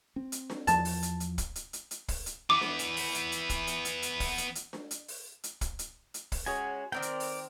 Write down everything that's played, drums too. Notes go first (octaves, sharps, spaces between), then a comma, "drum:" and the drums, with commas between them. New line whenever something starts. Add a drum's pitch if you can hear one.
C4
drum: hi-hat
drum: snare D4
E2 F3 A5, drum: hi-hat
drum: open hi-hat
drum: hi-hat
drum: hi-hat
drum: kick, hi-hat
drum: hi-hat
drum: hi-hat
drum: hi-hat
drum: kick, open hi-hat
drum: hi-hat
E3 B3 D6
drum: snare D4
drum: hi-hat
drum: open hi-hat
drum: hi-hat
drum: hi-hat
drum: kick, hi-hat
drum: hi-hat
drum: hi-hat
drum: hi-hat
drum: kick, open hi-hat
drum: hi-hat
drum: hi-hat
drum: snare D4
drum: hi-hat
drum: open hi-hat
drum: hi-hat
drum: kick, hi-hat
drum: hi-hat
drum: hi-hat
drum: kick, open hi-hat
G#3 C#4 F#4 G#5
D#3 C4 A#4 D5 G5
drum: hi-hat
drum: open hi-hat